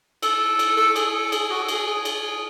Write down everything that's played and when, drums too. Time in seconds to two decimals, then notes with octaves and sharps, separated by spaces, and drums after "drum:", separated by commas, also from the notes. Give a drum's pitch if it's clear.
0.23 A4, drum: cymbal
0.59 drum: cymbal
0.77 A4
0.96 G#4, drum: cymbal
1.06 G#4
1.14 A4
1.32 G#4, drum: cymbal
1.50 F#4
1.63 A4
1.68 G#4, drum: cymbal
1.87 G#4
2.05 drum: cymbal